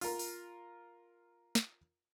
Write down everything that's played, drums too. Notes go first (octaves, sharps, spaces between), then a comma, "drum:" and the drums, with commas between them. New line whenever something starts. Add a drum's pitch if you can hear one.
F4 A#4, drum: open hi-hat
drum: open hi-hat
drum: snare